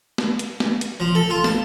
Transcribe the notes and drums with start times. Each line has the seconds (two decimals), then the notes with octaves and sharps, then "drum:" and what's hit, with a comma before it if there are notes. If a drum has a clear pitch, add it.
0.18 drum: snare
0.39 drum: hi-hat
0.60 drum: snare
0.81 drum: hi-hat
1.00 F3
1.15 A4
1.30 F4
1.44 A5, drum: snare